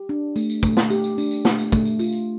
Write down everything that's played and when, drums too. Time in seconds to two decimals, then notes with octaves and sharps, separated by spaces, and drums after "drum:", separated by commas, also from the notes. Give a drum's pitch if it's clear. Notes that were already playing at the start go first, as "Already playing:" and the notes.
Already playing: G4
0.09 D4
0.36 A3, drum: tambourine
0.50 drum: tambourine
0.63 A3, drum: kick, tambourine
0.77 drum: snare
0.90 G4, drum: tambourine
1.04 drum: tambourine
1.18 D4, drum: tambourine
1.31 drum: tambourine
1.45 A3, drum: snare
1.58 drum: tambourine
1.72 A3, drum: kick, tambourine
1.85 drum: tambourine
1.99 F4, drum: tambourine
2.13 drum: tambourine